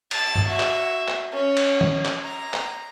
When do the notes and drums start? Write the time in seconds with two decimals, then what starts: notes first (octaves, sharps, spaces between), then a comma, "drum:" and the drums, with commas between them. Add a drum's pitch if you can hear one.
0.11 A5 A6, drum: cymbal
0.35 drum: tom G2
0.48 F#4 E5
0.60 drum: clap
1.08 drum: clap
1.32 C#4
1.57 drum: cymbal
1.81 drum: tom D#3
2.05 drum: clap
2.24 A#5
2.54 drum: clap